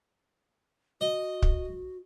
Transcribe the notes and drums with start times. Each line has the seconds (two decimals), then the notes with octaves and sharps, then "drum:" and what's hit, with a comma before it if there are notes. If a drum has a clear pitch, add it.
1.01 F#4 D#5
1.42 drum: kick